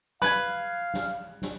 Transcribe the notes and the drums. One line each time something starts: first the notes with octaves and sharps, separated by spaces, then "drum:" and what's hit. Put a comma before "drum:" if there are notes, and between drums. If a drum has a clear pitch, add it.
B4 F5 F#6 G#6, drum: snare
drum: snare
drum: snare